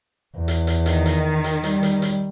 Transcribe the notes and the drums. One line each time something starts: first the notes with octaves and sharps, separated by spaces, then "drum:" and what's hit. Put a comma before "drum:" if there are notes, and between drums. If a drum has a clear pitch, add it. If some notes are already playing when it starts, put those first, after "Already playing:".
E2
drum: hi-hat
drum: hi-hat
D#3, drum: hi-hat
drum: hi-hat
drum: hi-hat
G3, drum: hi-hat
drum: hi-hat
drum: hi-hat